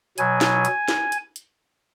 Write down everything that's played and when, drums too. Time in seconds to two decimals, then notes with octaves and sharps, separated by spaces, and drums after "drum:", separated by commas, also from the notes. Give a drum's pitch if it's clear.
0.18 B2 F#3 G#5, drum: hi-hat
0.41 drum: snare
0.65 drum: hi-hat
0.88 drum: snare
1.12 drum: hi-hat
1.36 drum: hi-hat